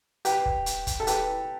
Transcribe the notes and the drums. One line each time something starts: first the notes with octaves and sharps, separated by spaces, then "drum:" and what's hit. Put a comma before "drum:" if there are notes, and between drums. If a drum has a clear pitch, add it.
G4 B4, drum: hi-hat
drum: kick
drum: hi-hat
drum: kick, hi-hat
A4
G4 B4, drum: hi-hat